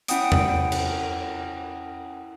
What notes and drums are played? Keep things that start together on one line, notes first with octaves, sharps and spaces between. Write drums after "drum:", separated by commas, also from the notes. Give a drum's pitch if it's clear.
C#4 E4 F#5 G5 D#6 D7, drum: hi-hat
drum: tom E2
drum: cymbal